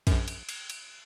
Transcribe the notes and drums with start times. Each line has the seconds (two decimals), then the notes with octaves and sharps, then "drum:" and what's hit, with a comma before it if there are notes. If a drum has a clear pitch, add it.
0.07 A#1 F#2, drum: kick, cymbal
0.28 drum: cymbal
0.49 drum: cymbal
0.70 drum: cymbal